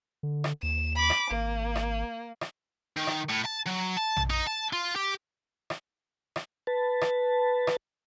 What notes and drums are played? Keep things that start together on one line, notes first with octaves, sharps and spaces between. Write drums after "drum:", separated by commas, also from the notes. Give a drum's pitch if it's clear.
D3
drum: rim click
D#2 E7
B5 D6
drum: rim click
G#1 A#3
drum: rim click
drum: rim click
D#3
drum: rim click
A2
A5
F#3
A5
drum: tom A#1
D#4
A5
F4
G4
drum: rim click
drum: rim click
B4 A5
drum: rim click
drum: rim click